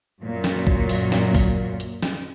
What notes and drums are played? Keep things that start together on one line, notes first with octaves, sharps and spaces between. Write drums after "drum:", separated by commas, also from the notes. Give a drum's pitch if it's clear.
F#2 A#2 F#3
drum: snare
drum: kick
drum: open hi-hat
drum: snare
drum: kick, open hi-hat
drum: hi-hat
drum: snare